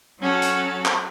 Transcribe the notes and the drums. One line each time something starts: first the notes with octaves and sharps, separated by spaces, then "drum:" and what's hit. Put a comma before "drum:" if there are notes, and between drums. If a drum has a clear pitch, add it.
F#3 C#4 F#4 A4
drum: hi-hat
drum: clap